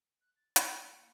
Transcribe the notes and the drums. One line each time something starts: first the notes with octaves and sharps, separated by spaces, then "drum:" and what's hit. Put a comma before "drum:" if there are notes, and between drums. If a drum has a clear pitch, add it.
F#6
A6
C#7, drum: hi-hat
A#3 F4
C#7